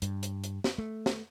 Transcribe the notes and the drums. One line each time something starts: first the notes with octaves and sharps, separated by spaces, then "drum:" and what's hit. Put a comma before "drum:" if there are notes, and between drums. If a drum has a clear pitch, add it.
G2, drum: hi-hat
drum: hi-hat
drum: hi-hat
drum: snare
A3
drum: snare